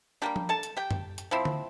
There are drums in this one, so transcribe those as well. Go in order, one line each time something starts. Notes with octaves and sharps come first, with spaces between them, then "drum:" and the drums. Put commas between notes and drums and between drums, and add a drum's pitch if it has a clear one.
G3 A#3 D4 G4 G5
drum: tom F3
A4 A5
drum: hi-hat
G4 G5
drum: tom F#2
drum: hi-hat
F3 C4 E4
drum: tom D3